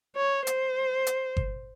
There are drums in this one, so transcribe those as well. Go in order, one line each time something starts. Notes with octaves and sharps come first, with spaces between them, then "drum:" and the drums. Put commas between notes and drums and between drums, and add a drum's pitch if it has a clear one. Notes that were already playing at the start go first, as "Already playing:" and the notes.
C#5
C5, drum: hi-hat
drum: hi-hat
drum: kick G1